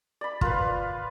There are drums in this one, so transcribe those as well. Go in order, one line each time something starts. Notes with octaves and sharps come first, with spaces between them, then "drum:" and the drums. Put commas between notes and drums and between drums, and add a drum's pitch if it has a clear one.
D5 B5
F4 A#4 B4, drum: kick